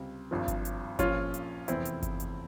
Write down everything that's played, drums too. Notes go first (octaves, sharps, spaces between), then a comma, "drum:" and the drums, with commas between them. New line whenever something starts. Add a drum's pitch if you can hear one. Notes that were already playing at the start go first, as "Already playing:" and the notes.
Already playing: C#2 C3 G3
G#1 G2 F3
drum: kick G1, hi-hat
drum: hi-hat
A#1 A#2 F3 C#4 F4, drum: kick G1, hi-hat
drum: hi-hat
F1 E2 E3 C4 E4, drum: hi-hat
drum: hi-hat
drum: kick G1, hi-hat
drum: hi-hat